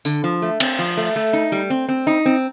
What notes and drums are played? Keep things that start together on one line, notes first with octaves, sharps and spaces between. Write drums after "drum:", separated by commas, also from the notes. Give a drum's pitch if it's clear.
D3, drum: tambourine
F3
A3
C4, drum: cymbal
F3
A3
A3
D#4
G3
C4
C4
D#4
C4